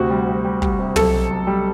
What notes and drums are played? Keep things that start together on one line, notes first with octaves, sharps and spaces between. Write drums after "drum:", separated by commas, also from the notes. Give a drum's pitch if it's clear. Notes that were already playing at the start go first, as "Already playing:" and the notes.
Already playing: D2 C3 F#4
G3
G3
G3
G3, drum: kick
C3
B1 A4, drum: tom
B1
B1
G3